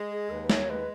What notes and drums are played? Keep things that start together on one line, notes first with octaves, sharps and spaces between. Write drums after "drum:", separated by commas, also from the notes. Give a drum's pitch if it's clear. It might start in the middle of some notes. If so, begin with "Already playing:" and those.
Already playing: G#3
G#4
D#2 B4
B4
C#5, drum: snare
G#3 B4